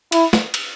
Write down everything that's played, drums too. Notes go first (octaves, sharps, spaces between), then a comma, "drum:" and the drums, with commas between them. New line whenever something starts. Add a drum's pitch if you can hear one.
E4, drum: cymbal
drum: snare
drum: cymbal